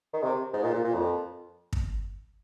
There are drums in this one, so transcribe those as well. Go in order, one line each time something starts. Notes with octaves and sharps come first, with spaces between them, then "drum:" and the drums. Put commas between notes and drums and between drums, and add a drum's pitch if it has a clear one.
D#3
C3
G#2
A#2
A#2
A#2
F2
drum: kick